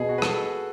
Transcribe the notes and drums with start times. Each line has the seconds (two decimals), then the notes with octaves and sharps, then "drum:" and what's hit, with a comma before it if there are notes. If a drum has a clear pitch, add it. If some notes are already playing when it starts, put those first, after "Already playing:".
Already playing: B2 G#4
0.09 F#4
0.18 B4
0.22 A4, drum: rim click